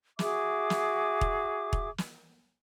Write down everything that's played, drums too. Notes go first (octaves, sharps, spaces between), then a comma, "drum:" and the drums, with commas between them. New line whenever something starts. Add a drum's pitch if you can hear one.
F#4 G#4 E5 D6, drum: snare
drum: snare
drum: kick E1
drum: kick E1
drum: snare